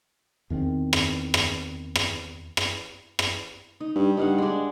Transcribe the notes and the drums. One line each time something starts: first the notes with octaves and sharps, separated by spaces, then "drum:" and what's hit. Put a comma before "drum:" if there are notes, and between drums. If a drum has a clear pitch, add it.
E2 D#3 A#3 C4
drum: rim click
drum: rim click
drum: rim click
drum: rim click
drum: rim click
D#4
G2
G2 D#4 F5 F#5
G#3 D4